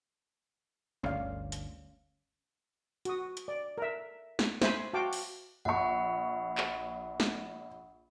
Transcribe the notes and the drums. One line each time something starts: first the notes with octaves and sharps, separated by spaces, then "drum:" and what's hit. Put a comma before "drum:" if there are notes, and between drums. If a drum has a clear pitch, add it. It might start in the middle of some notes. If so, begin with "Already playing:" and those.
G1 D2 C#4 D5 F5
drum: hi-hat
F#4 D#6, drum: hi-hat
drum: hi-hat
D5
A#4 E5
drum: snare
C5 E5 G#5 B5, drum: snare
F#4 F5 G5 A5 D6
drum: open hi-hat
A#1 E5 F#5 B5 C#6
drum: clap
drum: snare